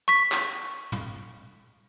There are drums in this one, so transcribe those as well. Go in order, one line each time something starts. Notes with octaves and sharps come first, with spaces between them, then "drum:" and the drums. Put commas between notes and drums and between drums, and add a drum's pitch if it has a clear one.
C#6 B6
drum: clap
drum: tom